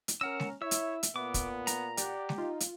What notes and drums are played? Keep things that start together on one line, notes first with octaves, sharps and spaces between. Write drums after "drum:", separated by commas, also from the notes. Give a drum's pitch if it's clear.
drum: hi-hat
C#4 A#4 F#5 A#5 E6 F6
drum: snare G#3
E4 C#5 E5 E6
drum: hi-hat
drum: hi-hat
A#2 B3 D6
drum: kick, hi-hat
A#5, drum: hi-hat
G4 D5 F#5, drum: hi-hat
drum: snare G#3
D#4 F4
drum: hi-hat